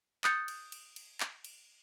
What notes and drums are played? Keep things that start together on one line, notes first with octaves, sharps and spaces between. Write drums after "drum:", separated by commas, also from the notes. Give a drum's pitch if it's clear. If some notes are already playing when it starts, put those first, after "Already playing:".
D#6 F#6 G6 A6 C#7, drum: clap
drum: cymbal
drum: cymbal
drum: cymbal
drum: clap
drum: cymbal